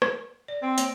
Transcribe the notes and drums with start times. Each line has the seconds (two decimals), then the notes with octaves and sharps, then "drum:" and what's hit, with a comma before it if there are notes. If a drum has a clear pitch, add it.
0.02 drum: rim click
0.48 D5
0.62 C4 C5
0.78 A#3 C#5, drum: hi-hat